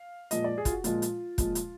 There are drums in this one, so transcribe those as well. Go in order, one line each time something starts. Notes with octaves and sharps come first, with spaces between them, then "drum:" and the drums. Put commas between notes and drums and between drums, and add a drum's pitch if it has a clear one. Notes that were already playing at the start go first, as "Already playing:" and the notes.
Already playing: F5
A#2 F3 G#3 D#5, drum: hi-hat
D5
G#4
F4, drum: kick, hi-hat
F#4
A#2 F3 G#3 F4, drum: hi-hat
drum: hi-hat
A#2 F3 G#3, drum: kick, hi-hat
drum: hi-hat